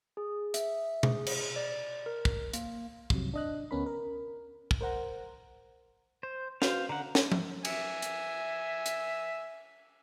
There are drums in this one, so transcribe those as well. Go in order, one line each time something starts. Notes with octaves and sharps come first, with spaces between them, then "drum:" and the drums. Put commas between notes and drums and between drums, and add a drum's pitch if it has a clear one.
G#4
E5, drum: hi-hat
G#4, drum: tom B2
drum: cymbal
D5
A#4
drum: kick
A#3, drum: hi-hat
F2 G#2 C3 F#3, drum: kick
D4 D#5 F#6
D2 B3 C#4 A#4 B5
A#4
drum: kick
A#4 C5 F#5 A#5
C5
F#4 B4 C5 F5, drum: snare
D3 F#5 A#5
drum: snare
drum: tom
E5 G#5, drum: cymbal
drum: hi-hat
drum: hi-hat